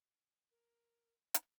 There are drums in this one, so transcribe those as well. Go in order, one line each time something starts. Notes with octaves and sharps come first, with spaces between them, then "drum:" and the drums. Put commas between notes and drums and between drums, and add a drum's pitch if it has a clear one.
A#4
drum: hi-hat